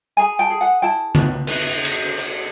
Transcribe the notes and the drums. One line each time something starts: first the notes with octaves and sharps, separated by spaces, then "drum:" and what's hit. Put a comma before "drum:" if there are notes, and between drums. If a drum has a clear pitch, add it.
G#4 G#5 A#5
G5 A5
G#4
F#5 G#5
E4 G5 A5
B4, drum: tom C#3
B4, drum: cymbal
drum: cymbal
drum: hi-hat